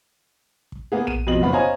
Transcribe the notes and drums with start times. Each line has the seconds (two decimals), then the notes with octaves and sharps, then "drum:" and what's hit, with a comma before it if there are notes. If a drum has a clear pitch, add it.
0.72 drum: kick
0.92 A#3 B3 G#4
1.07 D#7, drum: tom A#1
1.27 F2 B2 D#5 F#7
1.42 F#1 D2 B3 B5
1.53 C5 C#5 D#5 F5 G#5 A#5